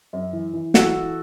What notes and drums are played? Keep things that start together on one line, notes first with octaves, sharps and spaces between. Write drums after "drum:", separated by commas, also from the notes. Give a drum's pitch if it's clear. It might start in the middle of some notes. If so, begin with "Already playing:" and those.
F#2
E3
E3
E3 F#4 A4, drum: snare
E3